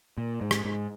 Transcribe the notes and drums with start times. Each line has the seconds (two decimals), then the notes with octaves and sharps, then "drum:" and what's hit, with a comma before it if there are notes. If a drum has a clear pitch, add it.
0.18 A#2
0.41 G#2
0.51 drum: rim click
0.65 G#2